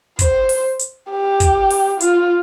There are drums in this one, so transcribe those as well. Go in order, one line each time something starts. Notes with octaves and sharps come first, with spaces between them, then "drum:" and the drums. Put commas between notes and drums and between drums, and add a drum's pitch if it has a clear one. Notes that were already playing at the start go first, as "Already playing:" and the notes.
C5, drum: kick, hi-hat
drum: open hi-hat
drum: hi-hat
G4
drum: kick, hi-hat
drum: open hi-hat
F4, drum: hi-hat